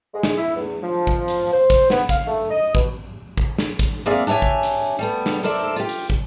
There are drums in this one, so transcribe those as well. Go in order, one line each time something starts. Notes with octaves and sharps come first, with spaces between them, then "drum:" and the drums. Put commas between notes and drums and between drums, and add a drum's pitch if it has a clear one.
G#3
drum: snare
E4
E2
F3
drum: kick
drum: hi-hat
C5
drum: kick, hi-hat
B3, drum: snare
F5, drum: kick, hi-hat
A3
D#5
B2, drum: kick
drum: kick
drum: snare
drum: kick, hi-hat
A#3 C4 G#4 D5 E5 F5
D4 G4 C#5 E5 G#5
drum: kick
drum: hi-hat
G3 A3 B3
drum: snare
A4 A#4 C5 D5 E5
F4 G4
drum: hi-hat
drum: kick